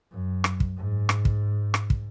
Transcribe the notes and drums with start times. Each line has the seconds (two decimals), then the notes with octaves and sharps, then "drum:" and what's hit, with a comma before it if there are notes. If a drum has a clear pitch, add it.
0.11 F#2
0.44 drum: rim click
0.60 drum: kick
0.76 G#2
1.09 drum: rim click
1.25 drum: kick
1.74 drum: rim click
1.90 drum: kick